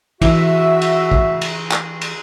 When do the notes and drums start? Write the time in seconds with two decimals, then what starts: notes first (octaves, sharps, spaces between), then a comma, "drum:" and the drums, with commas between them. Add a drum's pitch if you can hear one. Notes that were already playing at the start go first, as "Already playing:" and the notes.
0.22 E3 F#4 E5, drum: kick, cymbal
0.82 drum: cymbal
1.12 drum: kick
1.41 drum: cymbal
1.71 drum: clap
2.01 drum: cymbal